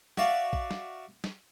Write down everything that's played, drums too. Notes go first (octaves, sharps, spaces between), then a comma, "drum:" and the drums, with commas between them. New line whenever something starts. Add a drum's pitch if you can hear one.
F#4 D5 E5 F5, drum: snare
drum: kick A#1
drum: snare
drum: snare